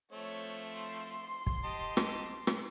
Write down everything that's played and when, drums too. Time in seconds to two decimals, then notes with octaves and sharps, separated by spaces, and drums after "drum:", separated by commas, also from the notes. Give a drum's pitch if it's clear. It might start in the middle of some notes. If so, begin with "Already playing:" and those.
0.12 F3 A3 C4 C#5
0.71 C6
1.47 drum: kick
1.64 G4 D#5 A5
1.97 drum: rim click
2.47 drum: rim click